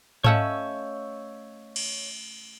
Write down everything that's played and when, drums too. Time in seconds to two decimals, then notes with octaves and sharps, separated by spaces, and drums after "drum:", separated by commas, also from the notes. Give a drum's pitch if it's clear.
0.24 A3 C#4 C#5 D#5 F5 F#5 E6 G6, drum: tom G#2
1.76 drum: cymbal